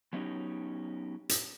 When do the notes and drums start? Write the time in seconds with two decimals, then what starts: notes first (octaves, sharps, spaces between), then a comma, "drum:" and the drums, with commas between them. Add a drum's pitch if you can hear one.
0.13 F#3 B3 C#4 D#4 G4
1.29 drum: hi-hat